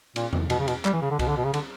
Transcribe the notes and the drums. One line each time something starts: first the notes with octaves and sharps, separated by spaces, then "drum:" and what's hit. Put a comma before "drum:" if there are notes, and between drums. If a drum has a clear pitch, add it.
A#2, drum: cymbal
drum: tom E2
B2, drum: cymbal
C#3
B2, drum: cymbal
G3, drum: clap
E3
C#3
D3
B2, drum: kick C2, cymbal
D3
B2
C#3
D3, drum: cymbal